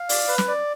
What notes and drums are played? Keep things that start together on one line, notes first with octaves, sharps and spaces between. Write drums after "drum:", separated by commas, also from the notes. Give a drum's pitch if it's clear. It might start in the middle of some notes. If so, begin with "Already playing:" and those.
Already playing: F5
D5, drum: open hi-hat
B4
drum: snare
D5